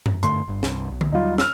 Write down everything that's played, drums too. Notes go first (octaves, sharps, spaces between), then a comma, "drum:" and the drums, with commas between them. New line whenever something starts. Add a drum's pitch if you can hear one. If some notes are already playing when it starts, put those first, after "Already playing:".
drum: tom F#2
G2 D3 A3 C6, drum: hi-hat
G1 G2
C2 G2, drum: snare
B1
drum: tom D3
D#2 F#3 G3 D#4 F4
E6 F6, drum: snare